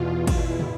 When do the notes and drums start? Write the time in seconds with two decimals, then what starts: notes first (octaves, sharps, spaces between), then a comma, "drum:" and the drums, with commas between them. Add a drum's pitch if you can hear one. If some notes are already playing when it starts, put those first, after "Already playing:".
Already playing: E2 B2 F4
0.27 E4, drum: kick, cymbal
0.59 drum: tom